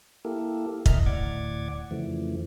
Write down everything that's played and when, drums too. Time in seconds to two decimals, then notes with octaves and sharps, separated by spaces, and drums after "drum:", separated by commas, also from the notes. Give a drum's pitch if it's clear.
0.25 A#3 E4 G4 A4 A#4
0.86 D#5 E5 A#5 F6, drum: kick
1.06 D2 A2 D5 F#5 D6 G#6
1.91 F2 C#3 E3 F3 A3